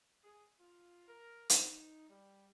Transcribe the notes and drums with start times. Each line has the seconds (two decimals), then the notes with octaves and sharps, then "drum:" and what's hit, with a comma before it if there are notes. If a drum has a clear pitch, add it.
0.24 G#4
0.59 F4
1.08 A#4
1.50 D#4, drum: hi-hat
2.08 G3